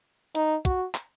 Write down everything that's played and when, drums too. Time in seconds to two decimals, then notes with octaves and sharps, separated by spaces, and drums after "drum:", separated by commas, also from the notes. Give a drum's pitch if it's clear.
0.35 D#4, drum: hi-hat
0.65 F#4, drum: kick, hi-hat
0.95 drum: clap